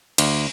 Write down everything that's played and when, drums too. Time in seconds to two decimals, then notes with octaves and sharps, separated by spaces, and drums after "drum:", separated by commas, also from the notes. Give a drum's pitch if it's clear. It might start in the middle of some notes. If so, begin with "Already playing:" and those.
0.18 D2, drum: cymbal